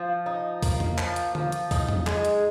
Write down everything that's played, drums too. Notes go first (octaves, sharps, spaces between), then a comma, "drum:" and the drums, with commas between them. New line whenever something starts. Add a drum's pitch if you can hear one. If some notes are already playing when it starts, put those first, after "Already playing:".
Already playing: F3
D#4
A#3, drum: kick, open hi-hat
drum: tom E2
F3, drum: clap
drum: hi-hat
F3, drum: tom D3
drum: hi-hat
D#4, drum: kick, open hi-hat
drum: tom E2
G#3, drum: clap
drum: hi-hat